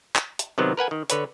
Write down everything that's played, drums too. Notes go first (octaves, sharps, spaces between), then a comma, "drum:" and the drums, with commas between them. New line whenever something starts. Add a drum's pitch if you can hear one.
drum: clap
drum: hi-hat
C3 D#3 F#3 B3
A#4 B4 F#5 G#5
D#3
D3 B4 C#5, drum: hi-hat